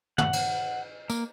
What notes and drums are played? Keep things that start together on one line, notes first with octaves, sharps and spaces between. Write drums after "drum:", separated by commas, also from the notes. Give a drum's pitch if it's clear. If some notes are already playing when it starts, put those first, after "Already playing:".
F#5, drum: tom
drum: cymbal
A#3, drum: tambourine